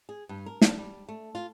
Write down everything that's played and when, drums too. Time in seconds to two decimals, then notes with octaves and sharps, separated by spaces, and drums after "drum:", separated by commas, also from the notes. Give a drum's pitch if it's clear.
0.09 G#4
0.29 G2
0.46 A#4
0.61 D4, drum: snare
0.78 G3
1.09 A3
1.35 F4